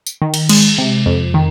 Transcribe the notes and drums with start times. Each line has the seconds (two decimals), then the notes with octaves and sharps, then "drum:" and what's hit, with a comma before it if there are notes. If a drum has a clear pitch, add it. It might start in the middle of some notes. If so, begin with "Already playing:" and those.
0.06 drum: tambourine
0.22 D#3
0.34 drum: cymbal
0.49 G#3, drum: cymbal
0.78 C3
1.06 F2
1.34 D#3